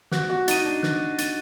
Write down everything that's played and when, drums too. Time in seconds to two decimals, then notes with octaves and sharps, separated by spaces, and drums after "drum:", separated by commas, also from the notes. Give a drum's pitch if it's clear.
0.11 F#4 F#6, drum: snare
0.30 F#4
0.48 D#4 A6 D#7, drum: hi-hat
0.65 D4
0.83 F#6, drum: snare
1.18 A6 D#7, drum: hi-hat